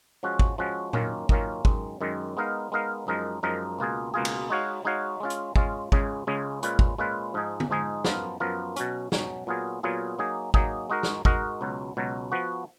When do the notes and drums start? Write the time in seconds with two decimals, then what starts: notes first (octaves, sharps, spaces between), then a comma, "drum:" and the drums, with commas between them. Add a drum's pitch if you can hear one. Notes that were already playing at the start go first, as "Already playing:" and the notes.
0.23 F3 G#3 C#4 F#4
0.39 drum: kick
0.58 F3 G#3 C#4 F#4
0.93 F#2 D#3 A#3 C#4 F4, drum: tom A#2
1.29 F#2 D#3 A#3 C#4 F4, drum: kick
1.65 F#2 D#3 G#3, drum: kick
2.01 F#2 D#3 G#3
2.37 G#3 B3 D#4 A#4 F5
2.72 G#3 B3 D#4 A#4 F5
3.07 F#2 F3 G#3 D#4 A#4
3.43 F#2 F3 G#3 D#4 A#4
3.79 C#2 B2 A#3 F4 G#4
4.14 C#2 B2 A#3 F4 G#4
4.25 drum: cymbal
4.50 G#3 D#4 F#4 C#5 F5
4.85 G#3 D#4 F#4 C#5 F5
5.20 G#3 C#4 F4
5.30 drum: hi-hat
5.56 G#3 C#4 F4, drum: kick
5.92 C#2 C#3 G#3 C#4 G#4, drum: kick
6.27 C#2 C#3 G#3 C#4 G#4
6.63 A#2 G#3 C#4 F4 B4, drum: hi-hat
6.79 drum: kick
6.98 A#2 G#3 C#4 F4 B4
7.34 G#2 F3 G#3 D#4 G#4
7.60 drum: tom D3
7.70 G#2 F3 G#3 D#4 G#4
8.05 F#2 F3 B3 F4 A#4, drum: snare
8.40 F#2 F3 B3 F4 A#4
8.76 B2 F#3 C#4, drum: hi-hat
9.12 B2 F#3 C#4, drum: snare
9.47 A#2 F#3 B3 F4 G#4
9.83 A#2 F#3 B3 F4 G#4
10.19 F#3 A#3 D#4 G#4
10.54 F#3 A#3 D#4 G#4, drum: kick
10.90 G#3 D#4 F#4 A#4
11.03 drum: snare
11.25 G#3 D#4 F#4 A#4, drum: kick
11.61 C#2 B2 F#3
11.97 C#2 B2 F#3
12.32 F3 B3 F#4